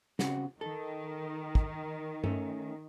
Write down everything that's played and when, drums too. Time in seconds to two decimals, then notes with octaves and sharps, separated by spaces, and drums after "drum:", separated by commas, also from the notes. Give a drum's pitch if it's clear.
0.19 C#3 C4 F#4, drum: snare
0.61 D#3 A4
1.55 drum: kick
2.24 A3 C#4, drum: tom G2